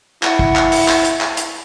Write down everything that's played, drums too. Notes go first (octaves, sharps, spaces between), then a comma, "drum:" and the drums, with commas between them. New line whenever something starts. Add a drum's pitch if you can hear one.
E4 F#5, drum: clap
drum: kick
drum: clap
drum: open hi-hat
drum: clap
drum: hi-hat
drum: clap
drum: hi-hat